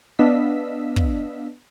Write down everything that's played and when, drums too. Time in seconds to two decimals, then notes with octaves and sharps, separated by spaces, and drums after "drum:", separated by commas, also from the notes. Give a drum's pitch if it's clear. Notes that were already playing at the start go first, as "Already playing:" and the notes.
0.19 B3 D4 D#5 F5 E6 B6
0.96 drum: kick